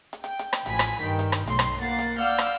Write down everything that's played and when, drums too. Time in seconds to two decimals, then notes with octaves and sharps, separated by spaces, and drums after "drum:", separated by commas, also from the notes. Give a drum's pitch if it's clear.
0.13 drum: hi-hat
0.24 G5, drum: hi-hat
0.39 drum: hi-hat
0.53 drum: rim click
0.66 A1 F3 G#5 B5 B6, drum: hi-hat
0.79 drum: rim click
1.01 G2 D#3 G5
1.19 drum: hi-hat
1.32 drum: rim click
1.47 B1 A3 C6 C7, drum: hi-hat
1.59 drum: rim click
1.79 A#3 F#5 A6 C7
1.99 drum: hi-hat
2.20 D5 F5 F#5 E6 F6 G6
2.38 drum: rim click